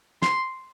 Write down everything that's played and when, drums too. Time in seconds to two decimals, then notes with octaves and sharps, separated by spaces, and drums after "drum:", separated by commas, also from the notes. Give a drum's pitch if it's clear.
0.22 C6, drum: snare